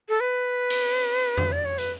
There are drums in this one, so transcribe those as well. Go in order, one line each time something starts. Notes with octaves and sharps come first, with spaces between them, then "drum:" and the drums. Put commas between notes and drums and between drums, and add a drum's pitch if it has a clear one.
A4
B4
drum: cymbal
drum: tom F2
D5
C#5
B4, drum: hi-hat